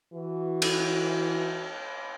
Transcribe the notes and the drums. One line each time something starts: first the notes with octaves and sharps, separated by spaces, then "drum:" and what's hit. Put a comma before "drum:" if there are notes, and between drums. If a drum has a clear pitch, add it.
E3 F#4
drum: cymbal